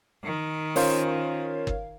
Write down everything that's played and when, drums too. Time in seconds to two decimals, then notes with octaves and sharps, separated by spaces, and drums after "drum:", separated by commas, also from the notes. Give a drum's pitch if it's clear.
0.23 D#3
0.76 C#4 F4 A#4 C5 C#5 F5, drum: open hi-hat
1.67 drum: kick